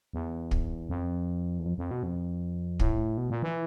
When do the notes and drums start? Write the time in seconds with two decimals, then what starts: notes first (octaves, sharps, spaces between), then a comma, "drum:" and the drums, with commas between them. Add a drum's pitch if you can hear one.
0.13 E2
0.51 drum: kick
0.89 F2
1.59 E2
1.66 F2
1.78 F2
1.91 B2
2.03 F2
2.80 A2, drum: kick
3.17 B2
3.30 A#2
3.43 E3